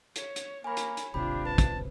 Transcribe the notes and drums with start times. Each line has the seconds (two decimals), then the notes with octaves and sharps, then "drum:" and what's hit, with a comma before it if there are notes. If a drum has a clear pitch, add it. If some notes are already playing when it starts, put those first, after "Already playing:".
0.16 C#5, drum: hi-hat
0.36 drum: hi-hat
0.64 A#3 A#4 C#5 G#5 B5
0.77 drum: hi-hat
0.97 drum: hi-hat
1.14 D1 G#1 C3 D4 F4 G4 B5
1.46 B4 A5
1.58 drum: kick, hi-hat